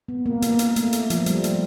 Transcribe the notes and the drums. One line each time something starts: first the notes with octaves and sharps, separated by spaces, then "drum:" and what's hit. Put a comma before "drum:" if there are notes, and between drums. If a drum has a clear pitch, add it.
B3
A#3
A#3, drum: hi-hat
drum: hi-hat
A3, drum: hi-hat
drum: hi-hat
F3, drum: hi-hat
G3, drum: hi-hat
A3, drum: hi-hat